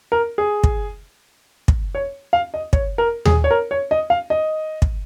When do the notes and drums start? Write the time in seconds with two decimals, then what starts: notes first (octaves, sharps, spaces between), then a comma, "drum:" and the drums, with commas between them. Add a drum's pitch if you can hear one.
0.12 A#4
0.38 G#4
0.64 drum: kick
1.68 drum: kick
1.95 C#5
2.33 F5
2.54 D#5
2.73 C#5, drum: kick
2.98 A#4
3.25 G#4, drum: tom D#2
3.44 C#5
3.51 A#4
3.71 C#5
3.91 D#5
4.10 F5
4.30 D#5
4.82 drum: kick